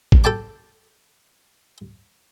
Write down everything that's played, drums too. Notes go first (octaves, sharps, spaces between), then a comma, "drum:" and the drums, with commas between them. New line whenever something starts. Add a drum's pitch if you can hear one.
drum: kick A1
A4 G5 A5 D6